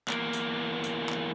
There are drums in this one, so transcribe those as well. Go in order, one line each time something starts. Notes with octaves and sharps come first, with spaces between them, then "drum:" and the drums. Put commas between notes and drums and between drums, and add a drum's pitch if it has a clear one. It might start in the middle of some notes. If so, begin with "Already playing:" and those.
E2 A#3, drum: clap
drum: hi-hat
drum: hi-hat
drum: clap